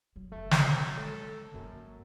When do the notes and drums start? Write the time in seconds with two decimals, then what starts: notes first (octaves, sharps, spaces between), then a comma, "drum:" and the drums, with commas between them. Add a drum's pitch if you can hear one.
0.16 F#3
0.32 F#1 A3
0.51 drum: snare
0.61 B2 F#3
0.97 C#3 G#3 A4
1.54 G#1 F#2 A#3